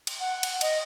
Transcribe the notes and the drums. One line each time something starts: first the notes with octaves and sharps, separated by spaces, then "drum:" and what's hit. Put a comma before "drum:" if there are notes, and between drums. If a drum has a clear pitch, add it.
drum: cymbal
F#5
drum: cymbal
D#5, drum: cymbal